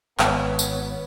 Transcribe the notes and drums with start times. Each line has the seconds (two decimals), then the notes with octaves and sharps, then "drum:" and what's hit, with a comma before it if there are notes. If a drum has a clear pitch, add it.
0.19 G#1 B3 C#5, drum: clap
0.59 drum: tambourine